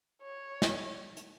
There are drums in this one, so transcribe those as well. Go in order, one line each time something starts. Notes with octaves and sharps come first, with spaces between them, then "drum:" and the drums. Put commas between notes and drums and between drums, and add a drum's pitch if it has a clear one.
C#5
drum: snare
drum: hi-hat